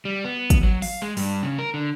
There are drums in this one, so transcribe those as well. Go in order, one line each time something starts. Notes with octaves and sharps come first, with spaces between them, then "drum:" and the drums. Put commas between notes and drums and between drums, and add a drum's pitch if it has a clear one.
G3
B3
drum: kick, hi-hat
F#3
F5, drum: open hi-hat
G#3
G2, drum: open hi-hat
C#3
A#4
D3